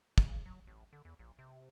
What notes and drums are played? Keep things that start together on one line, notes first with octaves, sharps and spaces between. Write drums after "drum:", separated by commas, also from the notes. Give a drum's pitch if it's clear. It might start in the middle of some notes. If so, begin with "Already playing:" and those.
C#3, drum: kick
F#3
A1
D3
E2
A#1
C3